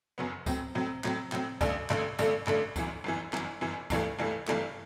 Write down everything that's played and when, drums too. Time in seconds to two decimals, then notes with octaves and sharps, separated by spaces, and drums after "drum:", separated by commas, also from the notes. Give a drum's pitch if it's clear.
0.18 F#1 F#2 F#3 B3
0.46 A2 F#3 C4, drum: kick C#2, tambourine
0.75 A2 F#3 C4
1.04 A2 F#3 C4, drum: clap
1.32 A2 F#3 C4, drum: clap
1.61 A1 G2 D3 A3 D4, drum: kick C#2, tambourine
1.90 A1 G2 D3 A3 D4, drum: clap
2.19 A1 G2 D3 A3 D4, drum: tambourine
2.47 A1 G2 D3 A3 D4, drum: clap
2.76 G1 F#2 E3, drum: kick C#2, tambourine
3.04 G1 F#2 E3
3.33 G1 F#2 E3, drum: clap
3.61 G1 F#2 E3
3.90 G1 G2 E3 A3, drum: kick C#2, tambourine
4.19 G1 G2 E3 A3
4.47 G1 G2 E3 A3, drum: clap